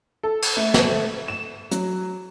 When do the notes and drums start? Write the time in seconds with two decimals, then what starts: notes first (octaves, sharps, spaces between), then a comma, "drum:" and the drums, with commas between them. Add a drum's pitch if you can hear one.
0.23 A4
0.42 drum: cymbal
0.57 A3
0.74 drum: snare
1.28 E7
1.71 F#3, drum: hi-hat